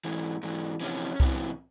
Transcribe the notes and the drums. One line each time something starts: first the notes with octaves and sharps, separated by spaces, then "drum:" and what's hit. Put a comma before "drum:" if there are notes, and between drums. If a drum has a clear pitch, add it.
G#2 E3
G#2 E3
F2 C3 E3 C#4
E2 C3 E3, drum: kick C2